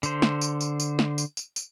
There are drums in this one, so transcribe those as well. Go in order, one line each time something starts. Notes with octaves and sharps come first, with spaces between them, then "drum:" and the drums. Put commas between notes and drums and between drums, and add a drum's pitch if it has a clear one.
D3 C5, drum: tambourine
drum: snare
drum: tambourine
drum: tambourine
drum: tambourine
drum: snare
drum: tambourine
drum: tambourine
drum: tambourine